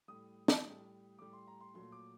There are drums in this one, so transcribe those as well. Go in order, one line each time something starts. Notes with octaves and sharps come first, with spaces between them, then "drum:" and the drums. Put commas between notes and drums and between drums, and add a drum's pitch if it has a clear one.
A2 G3 D#6
drum: snare
A2 G3
A2 G3 D6
C6
A#5
C6
A#2 F#3 A3 C6
D6